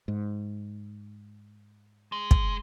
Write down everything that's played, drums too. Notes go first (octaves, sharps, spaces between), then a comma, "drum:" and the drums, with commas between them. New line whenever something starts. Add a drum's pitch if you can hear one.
G#2
G#3
drum: kick